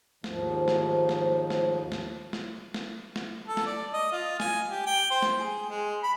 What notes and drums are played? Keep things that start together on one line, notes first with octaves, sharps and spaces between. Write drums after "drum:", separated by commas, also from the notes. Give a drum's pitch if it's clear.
D#2 G#2 F3, drum: snare
drum: snare
drum: snare
drum: snare
drum: snare
drum: snare
drum: snare
drum: snare
A4
drum: snare
D5
D#5
F4
G#5, drum: snare
G4
G5
C5
drum: snare
G#4
G#3
B5